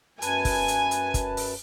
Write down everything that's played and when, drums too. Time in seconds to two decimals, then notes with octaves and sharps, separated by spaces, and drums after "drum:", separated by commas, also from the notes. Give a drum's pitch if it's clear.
0.22 F#2 B4 G#5 A5, drum: hi-hat
0.45 drum: kick, open hi-hat
0.68 drum: hi-hat
0.91 drum: hi-hat
1.14 drum: kick, hi-hat
1.37 drum: open hi-hat